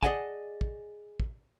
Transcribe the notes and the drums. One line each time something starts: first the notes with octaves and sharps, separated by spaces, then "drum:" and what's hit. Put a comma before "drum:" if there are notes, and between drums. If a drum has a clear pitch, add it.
G#4 D5 D#5 F#5 G#5 A5, drum: kick
drum: kick
drum: kick